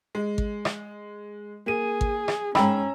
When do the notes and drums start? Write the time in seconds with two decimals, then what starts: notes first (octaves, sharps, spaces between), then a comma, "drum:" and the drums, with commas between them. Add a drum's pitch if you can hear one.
0.15 G#3
0.38 drum: kick G#1
0.65 drum: rim click
1.66 A#3 G#4 D#7
2.01 drum: kick G#1
2.28 drum: rim click
2.55 G#2 C#4 G5 A#5 B5 E6, drum: rim click